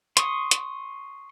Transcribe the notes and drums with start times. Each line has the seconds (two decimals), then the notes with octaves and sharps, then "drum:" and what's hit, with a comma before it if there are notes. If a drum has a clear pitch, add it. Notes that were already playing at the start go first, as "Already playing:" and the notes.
0.17 C6 C#6 D#6, drum: hi-hat
0.51 drum: hi-hat